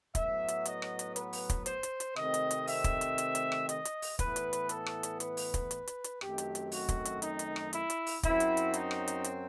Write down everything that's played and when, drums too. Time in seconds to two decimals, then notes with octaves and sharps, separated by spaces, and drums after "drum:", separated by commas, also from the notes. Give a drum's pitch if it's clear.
0.15 A2 F#3 B3 E5, drum: kick, hi-hat
0.48 drum: hi-hat
0.66 D#5, drum: hi-hat
0.82 drum: rim click
0.99 drum: hi-hat
1.16 B4, drum: hi-hat
1.33 drum: open hi-hat
1.50 drum: kick, hi-hat
1.66 C5, drum: hi-hat
1.83 drum: hi-hat
2.00 drum: hi-hat
2.16 C3 D#3 A3 C4 D#5, drum: rim click
2.34 drum: hi-hat
2.51 drum: hi-hat
2.67 E5, drum: open hi-hat
2.84 drum: kick, hi-hat
3.01 drum: hi-hat
3.18 drum: hi-hat
3.35 drum: hi-hat
3.52 drum: rim click
3.69 D#5, drum: hi-hat
3.85 drum: hi-hat
4.02 drum: open hi-hat
4.19 A2 E3 B3 B4, drum: kick, hi-hat
4.36 drum: hi-hat
4.53 drum: hi-hat
4.69 A4, drum: hi-hat
4.86 drum: rim click
5.03 drum: hi-hat
5.20 B4, drum: hi-hat
5.37 drum: open hi-hat
5.54 drum: kick, hi-hat
5.71 drum: hi-hat
5.88 drum: hi-hat
6.04 drum: hi-hat
6.21 F#2 D#3 F#3 A3 C4 G4, drum: rim click
6.38 drum: hi-hat
6.55 drum: hi-hat
6.72 F#4, drum: open hi-hat
6.89 drum: kick, hi-hat
7.05 drum: hi-hat
7.22 D#4, drum: hi-hat
7.39 drum: hi-hat
7.56 drum: rim click
7.73 E4, drum: hi-hat
7.90 drum: hi-hat
8.06 drum: open hi-hat
8.23 F#2 F#3 C4 E4, drum: kick, hi-hat
8.40 drum: hi-hat
8.57 drum: hi-hat
8.74 D#4, drum: hi-hat
8.91 drum: rim click
9.08 drum: hi-hat
9.24 drum: hi-hat